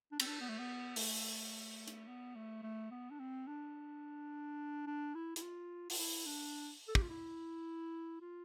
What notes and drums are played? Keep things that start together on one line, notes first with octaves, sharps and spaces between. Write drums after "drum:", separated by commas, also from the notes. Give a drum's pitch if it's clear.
D4
C4, drum: cymbal
D4
B3
A3
B3
A3, drum: open hi-hat
drum: hi-hat
B3
A3
A3
B3
D4
C4
D4
D4
E4
E4, drum: hi-hat
F4
F4, drum: open hi-hat
E4
D4
A4
G4, drum: kick
F4
E4
F4